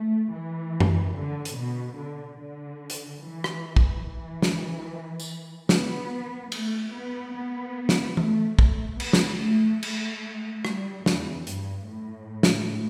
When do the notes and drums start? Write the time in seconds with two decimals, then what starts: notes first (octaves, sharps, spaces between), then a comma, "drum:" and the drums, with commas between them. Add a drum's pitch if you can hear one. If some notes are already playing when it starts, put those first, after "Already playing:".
Already playing: A3
0.33 E3
0.80 drum: tom F#2
1.15 D3
1.45 drum: hi-hat
1.56 B2
1.98 D3
2.39 D3
2.90 drum: hi-hat
3.22 E3
3.44 drum: rim click
3.76 drum: kick
4.04 E3
4.42 drum: snare
5.20 drum: tambourine
5.69 B3, drum: snare
6.52 A3, drum: cymbal
6.93 B3
7.35 B3
7.89 drum: snare
8.17 A3, drum: tom E3
8.59 A3, drum: kick
9.00 B3, drum: cymbal
9.13 drum: snare
9.40 A3
9.83 A3, drum: cymbal
10.65 G3, drum: rim click
11.06 E2, drum: snare
11.47 G2, drum: hi-hat
11.89 A2
12.43 drum: snare